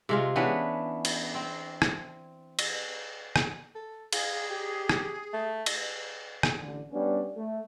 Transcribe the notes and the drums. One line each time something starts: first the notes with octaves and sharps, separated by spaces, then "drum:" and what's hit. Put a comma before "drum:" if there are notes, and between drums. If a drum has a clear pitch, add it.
C3 G#3 F4
E3 B3 C#4 D4
drum: cymbal
C4
drum: rim click
drum: cymbal
drum: rim click
A4
G#4 F5, drum: cymbal
G4
drum: rim click
A3
drum: cymbal
drum: rim click
A1 D3
G3 B3 C#4 D4
A3